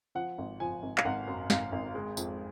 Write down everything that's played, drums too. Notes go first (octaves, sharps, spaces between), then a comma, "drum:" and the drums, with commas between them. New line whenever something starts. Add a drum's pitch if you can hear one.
F3 F#5
G#1
F3 G#5
G#1
F5, drum: clap
G#1 F#5
F#2
G#1 F5, drum: snare
G#1
G#3
F2, drum: tambourine